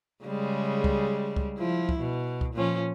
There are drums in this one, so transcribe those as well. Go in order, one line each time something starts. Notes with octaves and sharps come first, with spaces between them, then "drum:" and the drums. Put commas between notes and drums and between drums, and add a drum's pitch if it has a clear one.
C#3 G3 G#3
drum: kick C#2
drum: kick C#2
F3 E4
drum: kick C#2
B2
drum: kick C#2
A#2 F3 C#4